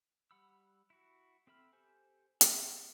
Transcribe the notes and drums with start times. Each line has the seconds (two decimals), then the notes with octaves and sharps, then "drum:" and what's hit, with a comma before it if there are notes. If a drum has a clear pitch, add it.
0.31 G3 F#5 B5 E6
0.90 E4 F#4
1.47 C4 A4 E5 B5 F6
1.73 G4 A4 C5 G#5
2.41 B4 D5 E5, drum: hi-hat